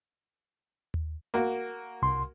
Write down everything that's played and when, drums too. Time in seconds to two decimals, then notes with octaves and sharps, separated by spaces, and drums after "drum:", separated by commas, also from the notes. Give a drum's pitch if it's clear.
0.94 drum: tom D#2
1.34 A#3 F#4
2.02 C2 C6